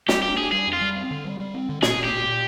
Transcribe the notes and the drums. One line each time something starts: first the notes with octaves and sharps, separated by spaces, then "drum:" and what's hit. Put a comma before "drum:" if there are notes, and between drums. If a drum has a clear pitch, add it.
G3 G4, drum: snare
D4 G4
D4 G#4
G3 G#4
F2
F4
G3
C4
D3
G3
G3
C4
D3
A#2 G#4, drum: snare
A#2
G4
A#2
A#2